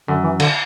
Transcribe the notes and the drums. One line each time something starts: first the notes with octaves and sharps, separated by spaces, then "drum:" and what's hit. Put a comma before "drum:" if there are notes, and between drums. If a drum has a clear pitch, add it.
F#2 D3
E3
D3, drum: cymbal